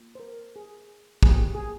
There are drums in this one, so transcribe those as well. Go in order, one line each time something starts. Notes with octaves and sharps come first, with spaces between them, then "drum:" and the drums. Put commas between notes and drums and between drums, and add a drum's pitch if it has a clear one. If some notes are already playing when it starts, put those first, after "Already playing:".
Already playing: A#3 F4
C5
A#4
G#4
G#4, drum: kick
A#3 F4 G4
G#4